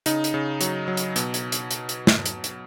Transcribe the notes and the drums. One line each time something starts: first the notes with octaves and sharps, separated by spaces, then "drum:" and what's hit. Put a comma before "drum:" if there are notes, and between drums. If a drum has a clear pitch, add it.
C#3 D#4, drum: hi-hat
drum: hi-hat
C#3
F#3, drum: hi-hat
F#3
drum: hi-hat
B2, drum: hi-hat
drum: hi-hat
drum: hi-hat
drum: hi-hat
drum: hi-hat
drum: snare
drum: hi-hat
drum: hi-hat